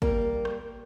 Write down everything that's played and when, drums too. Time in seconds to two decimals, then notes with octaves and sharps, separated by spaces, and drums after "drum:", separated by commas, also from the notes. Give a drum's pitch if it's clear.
0.02 G3 A#3 A#4, drum: kick
0.45 drum: rim click